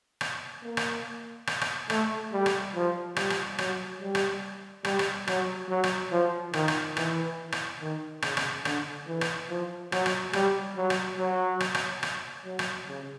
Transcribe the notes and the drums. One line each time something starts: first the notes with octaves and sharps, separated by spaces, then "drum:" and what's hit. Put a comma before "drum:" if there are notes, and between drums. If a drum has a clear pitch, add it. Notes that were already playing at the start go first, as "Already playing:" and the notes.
drum: rim click
A#3
drum: rim click
drum: rim click
drum: rim click
A3, drum: rim click
G3
drum: rim click
F3
G3, drum: rim click
drum: rim click
F#3, drum: rim click
G3
drum: rim click
G3, drum: rim click
drum: rim click
F#3, drum: rim click
F#3
drum: rim click
F3
D#3, drum: rim click
drum: rim click
E3, drum: rim click
drum: rim click
D#3
C#3, drum: rim click
drum: rim click
D3, drum: rim click
E3
drum: rim click
F3
F#3, drum: rim click
drum: rim click
G3, drum: rim click
F#3
drum: rim click
F#3
drum: rim click
drum: rim click
drum: rim click
F#3
drum: rim click
C#3